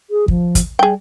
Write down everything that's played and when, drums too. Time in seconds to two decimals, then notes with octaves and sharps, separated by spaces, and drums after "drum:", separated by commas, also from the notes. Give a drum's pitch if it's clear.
0.10 G#4
0.28 F3, drum: kick
0.55 drum: kick, hi-hat
0.79 G3 G#4 G5